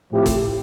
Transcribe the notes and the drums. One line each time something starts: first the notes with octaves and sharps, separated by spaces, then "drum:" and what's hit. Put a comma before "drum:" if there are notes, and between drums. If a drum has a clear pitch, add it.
A2 F3 C4 E4 G4
drum: kick, hi-hat